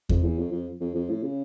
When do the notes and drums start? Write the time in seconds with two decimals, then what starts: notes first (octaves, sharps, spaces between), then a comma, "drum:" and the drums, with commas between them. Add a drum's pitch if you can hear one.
0.09 F2, drum: kick E2
0.23 E2
0.38 F2
0.52 F2
0.80 F2
0.95 F2
1.09 A2
1.23 C#3